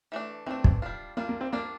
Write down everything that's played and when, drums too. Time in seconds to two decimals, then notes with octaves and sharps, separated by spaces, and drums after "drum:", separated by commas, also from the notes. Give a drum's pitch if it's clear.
0.12 E3 A3 D4
0.46 E3 A3 C4 D4
0.64 drum: kick
0.82 G3 D4 F4
1.17 G3 A#3 D4 F4
1.29 A#3
1.41 C4
1.52 G3 A#3 D4 F4